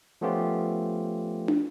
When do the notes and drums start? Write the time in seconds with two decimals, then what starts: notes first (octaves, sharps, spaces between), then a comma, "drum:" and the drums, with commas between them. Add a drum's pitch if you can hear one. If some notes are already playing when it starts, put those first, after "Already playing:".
0.21 F3 A3 B3 C#4 F4 G4
1.48 drum: tom